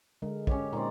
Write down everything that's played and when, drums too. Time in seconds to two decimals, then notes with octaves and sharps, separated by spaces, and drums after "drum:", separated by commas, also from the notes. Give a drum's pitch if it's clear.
0.22 D3 G#3 A#4
0.47 C#4 G4 C#5, drum: kick
0.73 A#2 D#3 G#3 C4 D5